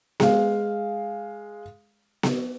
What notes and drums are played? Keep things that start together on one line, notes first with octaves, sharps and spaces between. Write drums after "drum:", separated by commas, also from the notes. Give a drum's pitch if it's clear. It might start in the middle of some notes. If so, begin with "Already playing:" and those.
G#3 F5, drum: snare B3
drum: snare B3